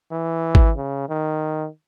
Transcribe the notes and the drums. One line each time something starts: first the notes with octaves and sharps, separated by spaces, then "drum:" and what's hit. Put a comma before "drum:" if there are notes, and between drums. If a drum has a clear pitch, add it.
E3
drum: kick G#1
C#3
D#3